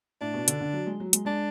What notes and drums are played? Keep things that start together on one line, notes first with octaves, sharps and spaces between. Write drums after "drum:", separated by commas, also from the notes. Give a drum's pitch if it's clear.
A2 D4
B2
D3, drum: hi-hat
D3
F#3
G#3
F#3
G#3, drum: hi-hat
G#3 D4